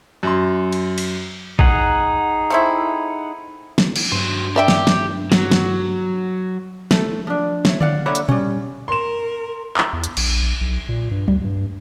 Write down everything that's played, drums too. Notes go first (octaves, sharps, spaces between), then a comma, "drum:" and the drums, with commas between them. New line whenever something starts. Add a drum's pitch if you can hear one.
F#2 C6
drum: cymbal
drum: cymbal
D#4 G#4 F#5, drum: kick
A3 C4 E4
drum: snare
drum: cymbal
G2 F#3 C5
G4 D5 E5 G5
drum: snare
drum: snare
F#3, drum: snare
drum: snare
A3 A4, drum: snare
F3 D4
C#5 E5, drum: snare
D5 F5 F#5, drum: tom D3
D3 A#3 C#5 E5 F#5 B5
drum: hi-hat
G3 C#4, drum: tom A#2
A#4 C6 E7
drum: clap
E2
drum: hi-hat
A#1, drum: cymbal
A#1
B1
A#2
G2
D2, drum: tom F#3
G2